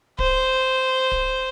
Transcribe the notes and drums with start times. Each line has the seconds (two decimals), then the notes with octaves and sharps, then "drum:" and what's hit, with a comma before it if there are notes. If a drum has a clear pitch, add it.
0.19 C5, drum: kick D1
1.12 drum: kick D1